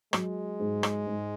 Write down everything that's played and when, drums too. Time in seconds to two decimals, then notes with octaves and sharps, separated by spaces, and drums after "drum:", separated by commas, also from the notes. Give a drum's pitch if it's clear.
0.13 F#3 G#3, drum: rim click
0.60 G#2
0.83 drum: rim click
1.07 G#2